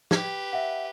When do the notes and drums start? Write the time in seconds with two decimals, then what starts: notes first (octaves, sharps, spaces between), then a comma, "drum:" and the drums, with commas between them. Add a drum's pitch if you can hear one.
0.11 G4 B4, drum: snare
0.53 E5 F#5